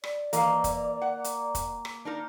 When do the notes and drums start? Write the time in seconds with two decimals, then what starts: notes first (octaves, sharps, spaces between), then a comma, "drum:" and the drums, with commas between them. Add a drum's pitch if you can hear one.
0.04 D5, drum: rim click
0.33 E3 A#3 D#5 F5, drum: hi-hat
0.64 drum: kick, hi-hat
1.02 F#5
1.24 drum: hi-hat
1.55 drum: kick, hi-hat
1.85 drum: rim click
2.05 D4 D#4 A#4